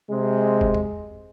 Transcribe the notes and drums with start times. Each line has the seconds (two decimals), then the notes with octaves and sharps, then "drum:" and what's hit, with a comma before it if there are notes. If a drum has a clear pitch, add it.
0.10 C3 G#3
0.61 drum: kick
0.74 drum: tom E2